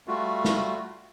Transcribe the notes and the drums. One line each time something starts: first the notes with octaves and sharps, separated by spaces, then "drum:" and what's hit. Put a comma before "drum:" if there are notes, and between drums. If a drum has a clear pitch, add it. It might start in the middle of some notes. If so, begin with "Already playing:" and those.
G3 A3 F4 F#4
drum: snare